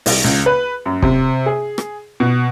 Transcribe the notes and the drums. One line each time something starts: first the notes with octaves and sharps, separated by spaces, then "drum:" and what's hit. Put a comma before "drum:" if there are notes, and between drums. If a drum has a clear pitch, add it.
C2, drum: open hi-hat
C#2
B4
F#2
C3, drum: kick
G#4
drum: rim click
B2